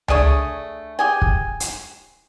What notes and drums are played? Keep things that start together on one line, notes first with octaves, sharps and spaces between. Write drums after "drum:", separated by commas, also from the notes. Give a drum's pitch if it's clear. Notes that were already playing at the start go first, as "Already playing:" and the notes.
A3 D4 G#4 C#5, drum: tom C#2
G4 G#4 G#5
drum: kick
drum: hi-hat